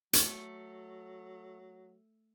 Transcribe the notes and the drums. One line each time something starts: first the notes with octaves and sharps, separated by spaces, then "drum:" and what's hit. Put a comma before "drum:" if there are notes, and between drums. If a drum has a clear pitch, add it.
F#3 A3, drum: hi-hat